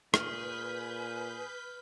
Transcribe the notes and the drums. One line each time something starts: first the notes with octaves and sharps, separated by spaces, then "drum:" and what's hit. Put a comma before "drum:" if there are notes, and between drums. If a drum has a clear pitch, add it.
A#2 G#4 B4 F6 G6 B6, drum: rim click